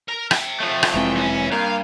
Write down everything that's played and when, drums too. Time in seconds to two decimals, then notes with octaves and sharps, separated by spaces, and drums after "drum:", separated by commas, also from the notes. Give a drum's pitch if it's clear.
0.08 A#4 A#5
0.31 E5 G5, drum: rim click
0.60 F3 A3
0.83 drum: rim click
0.94 F1 E3 G#3 C4 G5 A#5
1.15 F#2 C#4
1.52 G2 A#3 F5